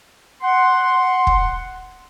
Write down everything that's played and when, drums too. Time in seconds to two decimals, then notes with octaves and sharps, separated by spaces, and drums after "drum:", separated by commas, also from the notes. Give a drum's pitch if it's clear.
0.42 F#5 C6
1.27 drum: kick